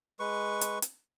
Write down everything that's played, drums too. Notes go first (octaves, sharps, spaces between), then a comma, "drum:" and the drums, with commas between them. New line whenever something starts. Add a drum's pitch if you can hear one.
G#3 B4 C#6
drum: hi-hat
drum: hi-hat